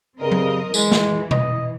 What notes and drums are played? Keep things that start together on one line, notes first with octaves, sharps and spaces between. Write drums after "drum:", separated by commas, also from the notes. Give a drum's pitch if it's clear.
G2 C#3 C4 A#4 D#5
drum: tom F#3
E3 G#3, drum: tambourine
drum: snare
D#5, drum: tom B2